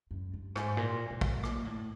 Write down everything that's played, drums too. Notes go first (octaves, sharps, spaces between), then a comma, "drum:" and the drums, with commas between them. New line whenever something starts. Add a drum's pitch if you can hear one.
F#2
G2
G#2, drum: rim click
A#2
B2
drum: kick
A#2, drum: rim click
A2